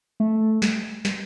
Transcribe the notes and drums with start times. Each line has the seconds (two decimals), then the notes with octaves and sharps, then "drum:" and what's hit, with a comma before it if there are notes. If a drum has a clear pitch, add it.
0.20 A3
0.62 drum: snare
1.05 drum: snare